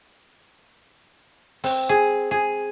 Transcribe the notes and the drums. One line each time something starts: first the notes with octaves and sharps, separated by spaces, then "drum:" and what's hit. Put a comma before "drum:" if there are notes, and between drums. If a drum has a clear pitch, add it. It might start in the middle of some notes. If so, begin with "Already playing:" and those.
C4, drum: open hi-hat
G#4
G#4